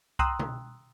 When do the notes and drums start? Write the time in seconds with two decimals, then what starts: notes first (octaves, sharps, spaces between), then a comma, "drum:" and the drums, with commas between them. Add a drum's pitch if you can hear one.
0.19 G5 A#5 C6 D#6 E6 F#6, drum: kick C2
0.39 drum: tom B2